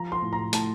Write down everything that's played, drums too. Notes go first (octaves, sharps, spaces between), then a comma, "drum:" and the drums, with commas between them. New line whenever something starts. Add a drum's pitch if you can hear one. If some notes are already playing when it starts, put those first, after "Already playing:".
Already playing: F3 A#5
C6
A2
A#5
A2 A5, drum: hi-hat